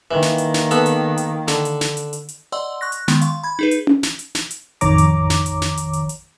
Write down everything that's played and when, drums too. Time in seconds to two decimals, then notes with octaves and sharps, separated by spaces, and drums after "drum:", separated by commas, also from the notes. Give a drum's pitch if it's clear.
0.11 D#3 E3 A#3
0.22 drum: snare
0.38 drum: hi-hat
0.54 drum: snare
0.71 B3 A4, drum: hi-hat
0.86 drum: hi-hat
1.18 drum: hi-hat
1.48 D3, drum: snare
1.65 drum: hi-hat
1.81 drum: snare
1.97 drum: hi-hat
2.13 drum: hi-hat
2.29 drum: hi-hat
2.52 D5 D#5 F#5 C6 E6
2.81 C#6 F#6 A#6
2.92 drum: hi-hat
3.08 D#3 G#3 B3, drum: snare
3.21 F5 C6 C#6, drum: hi-hat
3.43 B5 G#6
3.59 D#4 G#4 B4
3.71 drum: hi-hat
3.87 drum: tom C#4
4.03 drum: snare
4.19 drum: hi-hat
4.35 drum: snare
4.51 drum: hi-hat
4.81 A1 F2 D#3 C#5 A#5 D6, drum: hi-hat
4.98 drum: hi-hat
5.30 drum: snare
5.46 drum: hi-hat
5.62 drum: snare
5.77 drum: hi-hat
5.93 drum: hi-hat
6.09 drum: hi-hat